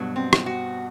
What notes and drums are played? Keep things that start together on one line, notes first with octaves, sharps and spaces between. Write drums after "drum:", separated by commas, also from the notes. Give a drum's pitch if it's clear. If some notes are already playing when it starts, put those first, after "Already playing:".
Already playing: G2 B2 F#3
C4
drum: rim click
F#4